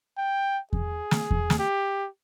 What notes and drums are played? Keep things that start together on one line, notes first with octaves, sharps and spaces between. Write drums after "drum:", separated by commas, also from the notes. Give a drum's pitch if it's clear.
G5
G#4, drum: kick E2
drum: snare
drum: kick E2
drum: snare
G4